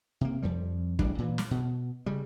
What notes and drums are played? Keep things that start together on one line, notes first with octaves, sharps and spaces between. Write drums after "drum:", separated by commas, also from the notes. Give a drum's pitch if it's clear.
C3 A#3
F2 F3 G3
D1 A1 G3 D4, drum: kick
A#2 E3
drum: snare
B2
C#3 G3